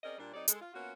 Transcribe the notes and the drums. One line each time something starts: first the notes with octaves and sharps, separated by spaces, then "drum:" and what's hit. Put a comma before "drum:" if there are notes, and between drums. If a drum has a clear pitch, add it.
C4 C#4 G#4 A#4 D5 D#5
A#2 G3 D4
F#3 C4 D#4 A4 C#5 D5
G#3 A4, drum: hi-hat
F4
A#3 B3 C#4 F4 F#4